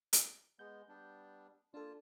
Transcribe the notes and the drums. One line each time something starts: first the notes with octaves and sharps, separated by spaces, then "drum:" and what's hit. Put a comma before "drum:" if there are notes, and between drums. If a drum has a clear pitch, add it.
drum: hi-hat
G#3 B3 G6
G3 B3 D4
A#3 D4 F4 A4 A5